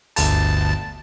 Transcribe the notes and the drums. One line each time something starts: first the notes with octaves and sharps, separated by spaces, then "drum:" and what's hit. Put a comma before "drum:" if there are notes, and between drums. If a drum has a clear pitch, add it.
G1 D2 A5, drum: open hi-hat